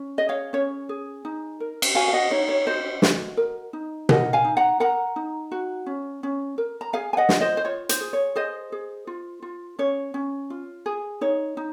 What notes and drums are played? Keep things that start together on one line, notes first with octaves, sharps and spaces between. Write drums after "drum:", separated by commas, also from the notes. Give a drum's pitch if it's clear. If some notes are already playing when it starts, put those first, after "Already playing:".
Already playing: C#4
G#4 D#5
C#5 F5
C#4 C#5
G#4
D#4
A#4
drum: cymbal
F#4 F5 G#5
F5
D#5 F#5
D#4 C#5
C#5
F#4 C5 D#5
F#4, drum: snare
A#4
D#4
A#4 D#5 F#5, drum: tom B2
F5 G#5
D#4
F#5 A#5
A#4 F#5 A#5
D#4
F#4
C#4
C#4
A#4
A#5
G#4 F5 G#5
G#5
D#5 F#5
F4, drum: snare
C5 D#5
C5
F4 C#5
C5, drum: hi-hat
G#4
C#5
G#4 C5 D#5
G#4
F4
F4
C#4 C#5
C#4
F4
G#4
D#4 C#5
D#4